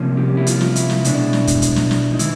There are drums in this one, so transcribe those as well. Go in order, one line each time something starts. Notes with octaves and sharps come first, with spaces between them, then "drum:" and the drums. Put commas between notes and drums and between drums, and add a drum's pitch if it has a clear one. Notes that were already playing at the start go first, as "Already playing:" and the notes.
Already playing: C2 C3 F3 A#3 C#4
G4
E4
F4, drum: hi-hat
drum: snare
E4, drum: hi-hat
drum: snare
B2 G#3 B3 D4, drum: hi-hat
drum: snare
drum: kick, hi-hat
drum: hi-hat
drum: snare
drum: snare
D#4
D#3 E4, drum: hi-hat